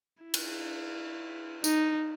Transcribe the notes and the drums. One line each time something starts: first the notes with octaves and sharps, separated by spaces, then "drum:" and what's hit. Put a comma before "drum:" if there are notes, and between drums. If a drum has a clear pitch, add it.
E4
drum: cymbal
D#4, drum: tambourine